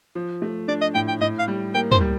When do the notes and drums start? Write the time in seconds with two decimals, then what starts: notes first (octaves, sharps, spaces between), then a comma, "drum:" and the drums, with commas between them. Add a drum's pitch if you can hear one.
0.15 F3
0.42 A3
0.68 D4 D5
0.82 D#5
0.95 A2 G5
1.08 G5
1.21 A2 D#5
1.39 F5
1.48 G3
1.74 A#3 G5
1.92 C5, drum: tom
2.00 G3